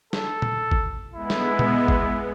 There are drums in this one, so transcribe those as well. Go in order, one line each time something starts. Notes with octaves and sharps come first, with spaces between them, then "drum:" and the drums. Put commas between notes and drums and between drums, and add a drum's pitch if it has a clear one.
A4, drum: snare
drum: tom A#2
drum: kick
G#3 B3 E4
drum: snare
drum: tom A#2
drum: kick